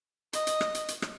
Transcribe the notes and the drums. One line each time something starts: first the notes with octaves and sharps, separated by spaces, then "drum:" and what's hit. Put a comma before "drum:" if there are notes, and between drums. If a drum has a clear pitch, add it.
D#5, drum: hi-hat
drum: hi-hat
drum: rim click
drum: hi-hat
drum: hi-hat
drum: rim click